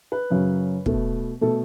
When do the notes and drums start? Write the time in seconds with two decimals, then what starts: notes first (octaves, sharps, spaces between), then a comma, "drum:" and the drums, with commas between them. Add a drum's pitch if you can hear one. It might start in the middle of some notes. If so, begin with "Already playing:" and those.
0.12 B4
0.30 F#2 C#3 F#3
0.86 B2 A3, drum: kick
1.41 B2 A3 A4